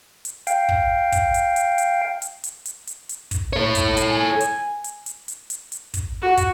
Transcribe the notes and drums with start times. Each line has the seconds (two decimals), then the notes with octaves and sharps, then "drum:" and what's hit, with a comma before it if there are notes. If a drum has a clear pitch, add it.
0.25 drum: hi-hat
0.47 F5 G5, drum: hi-hat
0.69 drum: kick
1.12 drum: kick, hi-hat
1.34 drum: hi-hat
1.56 drum: hi-hat
1.78 drum: hi-hat
2.22 drum: hi-hat
2.44 drum: hi-hat
2.65 drum: hi-hat
2.87 drum: hi-hat
3.09 drum: hi-hat
3.31 drum: kick, hi-hat
3.53 A4 C#5
3.75 drum: kick, hi-hat
3.97 drum: hi-hat
4.11 G#5
4.40 drum: hi-hat
4.84 drum: hi-hat
5.06 drum: hi-hat
5.28 drum: hi-hat
5.50 drum: hi-hat
5.72 drum: hi-hat
5.94 drum: kick, hi-hat
6.22 F#4
6.37 drum: kick, hi-hat